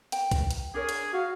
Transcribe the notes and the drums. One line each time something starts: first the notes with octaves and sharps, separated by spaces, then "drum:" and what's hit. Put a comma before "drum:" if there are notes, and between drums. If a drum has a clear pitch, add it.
G5, drum: hi-hat
drum: kick, hi-hat
drum: hi-hat
D4 G#4 A#4 C#5
drum: hi-hat
F4 F#4 F5